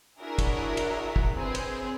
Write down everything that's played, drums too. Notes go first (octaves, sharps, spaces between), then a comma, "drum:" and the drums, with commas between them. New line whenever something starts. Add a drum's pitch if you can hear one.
D4 E4 F#4 G#4 A#4 E5
drum: kick, cymbal
drum: cymbal
drum: kick
C4 G#4 B4
drum: cymbal